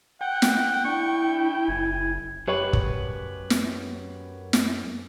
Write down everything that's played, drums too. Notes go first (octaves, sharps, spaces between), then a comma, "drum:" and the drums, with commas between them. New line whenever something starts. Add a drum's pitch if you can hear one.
F#5 G5
drum: snare
D4 E4 C#6
F#1 G#5
F#2 G4 B4 C#5
drum: kick
drum: snare
drum: snare